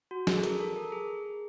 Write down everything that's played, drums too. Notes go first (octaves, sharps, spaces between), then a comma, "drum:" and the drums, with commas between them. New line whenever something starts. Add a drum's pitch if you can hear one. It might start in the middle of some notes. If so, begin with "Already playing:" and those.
F#4
G#4, drum: snare
A4
A#4, drum: hi-hat
A4
A#4
G#4